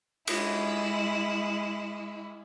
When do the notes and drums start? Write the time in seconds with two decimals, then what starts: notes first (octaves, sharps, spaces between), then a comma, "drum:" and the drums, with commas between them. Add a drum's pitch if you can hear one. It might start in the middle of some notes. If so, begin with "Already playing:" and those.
0.27 G#3 E4, drum: cymbal